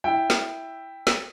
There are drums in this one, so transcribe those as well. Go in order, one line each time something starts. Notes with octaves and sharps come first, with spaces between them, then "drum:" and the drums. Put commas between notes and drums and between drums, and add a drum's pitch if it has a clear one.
E4 E5 G5
drum: snare
drum: snare